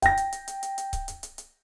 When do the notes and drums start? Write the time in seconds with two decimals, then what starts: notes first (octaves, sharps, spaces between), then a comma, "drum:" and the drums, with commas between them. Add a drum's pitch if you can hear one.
0.02 G5 A#6, drum: kick C#1, hi-hat
0.17 drum: hi-hat
0.33 drum: hi-hat
0.48 drum: hi-hat
0.63 drum: hi-hat
0.78 drum: hi-hat
0.93 drum: kick C#1, hi-hat
1.08 drum: hi-hat
1.23 drum: hi-hat
1.38 drum: hi-hat